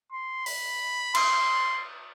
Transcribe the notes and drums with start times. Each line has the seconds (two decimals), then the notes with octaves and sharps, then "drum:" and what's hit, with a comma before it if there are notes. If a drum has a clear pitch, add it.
0.12 C6
0.46 B5, drum: open hi-hat
1.15 C6, drum: cymbal